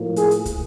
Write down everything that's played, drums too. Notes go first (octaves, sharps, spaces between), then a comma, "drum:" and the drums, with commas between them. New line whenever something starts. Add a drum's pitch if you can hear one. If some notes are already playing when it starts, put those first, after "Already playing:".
Already playing: A2 F3 A#3
G#4, drum: hi-hat
drum: hi-hat
drum: kick, hi-hat